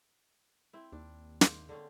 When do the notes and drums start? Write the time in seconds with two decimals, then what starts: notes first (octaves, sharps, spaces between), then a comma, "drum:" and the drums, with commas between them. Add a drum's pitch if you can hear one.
0.73 C4 E4
0.92 D#2 D4
1.41 G#2 A#3 C5, drum: snare
1.69 D3 C4 C#4